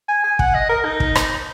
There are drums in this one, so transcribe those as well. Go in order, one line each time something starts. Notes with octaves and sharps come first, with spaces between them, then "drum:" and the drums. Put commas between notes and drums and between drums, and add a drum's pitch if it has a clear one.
G#5
G#5
F#5, drum: kick
D#5
A#4
D#4
drum: kick
drum: rim click